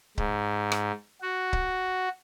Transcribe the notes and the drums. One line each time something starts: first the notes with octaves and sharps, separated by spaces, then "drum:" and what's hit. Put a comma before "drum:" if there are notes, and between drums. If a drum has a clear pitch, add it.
G#2, drum: kick C#1
drum: rim click
F#4
drum: kick C#1